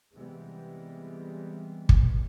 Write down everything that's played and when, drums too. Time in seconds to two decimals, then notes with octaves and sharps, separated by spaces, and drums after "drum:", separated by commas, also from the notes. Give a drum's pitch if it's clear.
0.15 C3 E3 G3 G#3 B3
1.89 drum: kick